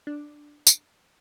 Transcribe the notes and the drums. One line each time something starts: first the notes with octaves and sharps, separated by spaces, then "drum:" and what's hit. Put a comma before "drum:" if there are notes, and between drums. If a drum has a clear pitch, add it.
D4
drum: tambourine